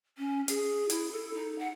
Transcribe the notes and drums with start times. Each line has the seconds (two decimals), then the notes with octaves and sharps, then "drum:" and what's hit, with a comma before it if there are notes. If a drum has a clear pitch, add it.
0.18 C#4
0.48 G#4, drum: hi-hat
0.90 E4, drum: hi-hat
1.12 A4
1.34 D#4
1.58 F#5